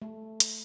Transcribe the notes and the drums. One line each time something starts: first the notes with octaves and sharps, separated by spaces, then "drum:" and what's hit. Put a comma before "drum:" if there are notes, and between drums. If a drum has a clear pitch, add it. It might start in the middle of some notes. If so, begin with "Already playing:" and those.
A3
drum: hi-hat